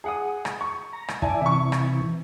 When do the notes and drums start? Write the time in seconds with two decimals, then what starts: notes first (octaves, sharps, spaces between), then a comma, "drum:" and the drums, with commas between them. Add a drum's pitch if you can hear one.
0.04 G#4 F#5 D#6
0.45 drum: rim click
0.61 C#6
0.93 A#5
1.08 drum: rim click
1.22 E4 D5 G#5 A5, drum: kick
1.41 C3 E3 E5 C#6
1.72 drum: rim click